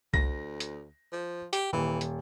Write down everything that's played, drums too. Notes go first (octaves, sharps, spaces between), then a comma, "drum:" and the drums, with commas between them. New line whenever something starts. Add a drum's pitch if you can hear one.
D2 A#6, drum: kick C2
drum: hi-hat
F3
G4, drum: hi-hat
D#1 E3
drum: hi-hat